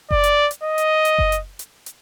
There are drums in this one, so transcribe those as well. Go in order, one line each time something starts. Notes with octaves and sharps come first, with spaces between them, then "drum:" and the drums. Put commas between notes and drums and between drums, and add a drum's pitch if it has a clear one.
D5, drum: kick F#1
drum: hi-hat
drum: hi-hat
D#5
drum: hi-hat
drum: hi-hat
drum: kick F#1
drum: hi-hat
drum: hi-hat
drum: hi-hat